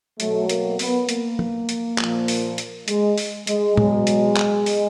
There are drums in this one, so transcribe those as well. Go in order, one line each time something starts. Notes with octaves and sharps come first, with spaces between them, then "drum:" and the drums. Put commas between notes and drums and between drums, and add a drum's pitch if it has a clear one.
B2 F#3 A3, drum: hi-hat
A#3, drum: hi-hat
B3, drum: open hi-hat
A#3, drum: hi-hat
drum: tom
drum: hi-hat
A#2 F3, drum: clap
drum: open hi-hat
drum: hi-hat
G#3, drum: hi-hat
drum: open hi-hat
G#3, drum: hi-hat
B2 F#3 G#3, drum: tom A2
drum: hi-hat
drum: clap
drum: open hi-hat